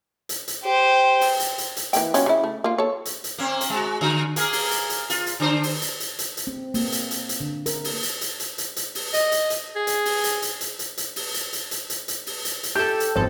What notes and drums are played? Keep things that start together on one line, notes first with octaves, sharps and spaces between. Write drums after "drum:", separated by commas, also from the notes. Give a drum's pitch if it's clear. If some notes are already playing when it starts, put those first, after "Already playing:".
drum: hi-hat
drum: hi-hat
G4 C5
drum: open hi-hat
drum: hi-hat
drum: hi-hat
drum: hi-hat
E3 A#3 G5, drum: hi-hat
F#3 C#4 F4, drum: hi-hat
C#3 E4
A3
A#3 F4
A4 C#5
drum: hi-hat
drum: hi-hat
A#3 C4
drum: hi-hat
G#3 F#4
D3 F#4
A#3 G#4 A#4, drum: hi-hat
drum: open hi-hat
drum: hi-hat
drum: hi-hat
F4, drum: hi-hat
drum: hi-hat
D3 D4 C5
drum: open hi-hat
drum: hi-hat
drum: hi-hat
drum: hi-hat
drum: hi-hat
C4
A#3, drum: open hi-hat
drum: hi-hat
drum: hi-hat
drum: hi-hat
D3
A#4, drum: hi-hat
drum: open hi-hat
drum: hi-hat
drum: hi-hat
drum: hi-hat
drum: hi-hat
drum: hi-hat
drum: open hi-hat
D#5, drum: hi-hat
drum: hi-hat
drum: hi-hat
G#4
drum: hi-hat
drum: open hi-hat
drum: hi-hat
drum: hi-hat
drum: hi-hat
drum: hi-hat
drum: hi-hat
drum: open hi-hat
drum: hi-hat
drum: hi-hat
drum: hi-hat
drum: hi-hat
drum: hi-hat
drum: open hi-hat
drum: hi-hat
drum: hi-hat
G4 A4 G6
drum: hi-hat
G#1 F2 C4 A4